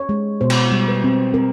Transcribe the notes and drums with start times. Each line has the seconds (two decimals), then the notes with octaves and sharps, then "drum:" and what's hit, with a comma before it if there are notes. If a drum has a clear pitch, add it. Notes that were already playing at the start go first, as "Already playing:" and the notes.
Already playing: C#5
0.09 G#3
0.41 B2 C5
0.50 drum: cymbal
0.72 G3
0.88 B4
1.04 C4
1.34 C4 A#4